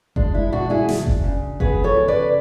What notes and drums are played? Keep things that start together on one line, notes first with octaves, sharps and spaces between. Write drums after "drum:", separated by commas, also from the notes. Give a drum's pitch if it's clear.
G#3 D4, drum: kick F#1
E4
B2 D4 F#4
E4 G#4
D4, drum: snare
drum: kick F#1
C#3
B3 G#4 B4, drum: kick F#1
A4 C#5
C#3
B4 D5